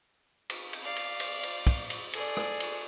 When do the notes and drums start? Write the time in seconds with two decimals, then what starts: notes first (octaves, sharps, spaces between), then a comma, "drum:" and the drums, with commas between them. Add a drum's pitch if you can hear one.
0.50 drum: cymbal
0.73 drum: cymbal
0.82 D5 F5
0.96 drum: cymbal
1.20 drum: cymbal
1.43 drum: cymbal
1.67 drum: kick, cymbal
1.90 drum: cymbal
2.13 G#4 A4 D5, drum: cymbal
2.37 drum: rim click
2.60 drum: cymbal